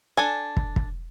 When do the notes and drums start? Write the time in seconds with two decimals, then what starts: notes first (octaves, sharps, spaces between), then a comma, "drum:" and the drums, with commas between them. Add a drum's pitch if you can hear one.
0.17 D4 A4 G#5
0.57 drum: kick
0.76 drum: kick